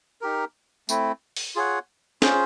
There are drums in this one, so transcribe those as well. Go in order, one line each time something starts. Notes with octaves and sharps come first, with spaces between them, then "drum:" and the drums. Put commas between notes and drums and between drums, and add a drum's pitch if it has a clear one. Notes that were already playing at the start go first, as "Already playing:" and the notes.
D#4 G4 A#4
A3 C4 E4, drum: tambourine
drum: open hi-hat
F4 G#4 C#5 F#5
C#4 F4 G#4 C5, drum: snare